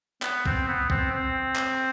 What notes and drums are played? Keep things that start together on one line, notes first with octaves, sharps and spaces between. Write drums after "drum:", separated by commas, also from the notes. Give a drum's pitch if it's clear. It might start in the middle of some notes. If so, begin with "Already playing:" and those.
B3, drum: clap
C4, drum: kick A#1
B3
C4, drum: kick A#1
C4
drum: clap